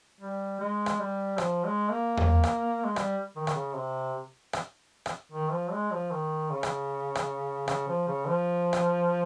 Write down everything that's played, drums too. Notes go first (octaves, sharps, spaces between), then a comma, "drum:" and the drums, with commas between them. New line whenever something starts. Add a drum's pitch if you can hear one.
G3
G#3
drum: rim click
G3
F3, drum: rim click
G#3
A#3
drum: tom E2
drum: rim click
G#3
G3, drum: rim click
D#3
D#3, drum: rim click
C#3
C3
drum: rim click
drum: rim click
D#3
F3
G#3
F3
D#3
C#3
drum: rim click
drum: rim click
C#3, drum: rim click
F3
C#3
F3
drum: rim click